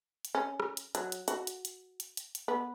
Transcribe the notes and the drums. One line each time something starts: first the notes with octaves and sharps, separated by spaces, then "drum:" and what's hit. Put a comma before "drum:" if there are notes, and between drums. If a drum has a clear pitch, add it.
drum: hi-hat
C#4
drum: rim click
drum: hi-hat
F#3, drum: hi-hat
drum: hi-hat
F#4, drum: hi-hat
drum: hi-hat
drum: hi-hat
drum: hi-hat
drum: hi-hat
drum: hi-hat
B3